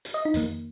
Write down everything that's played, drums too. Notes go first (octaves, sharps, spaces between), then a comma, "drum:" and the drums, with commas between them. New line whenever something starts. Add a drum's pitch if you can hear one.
drum: hi-hat
D#5
D#4
F2 D#3 A#3, drum: hi-hat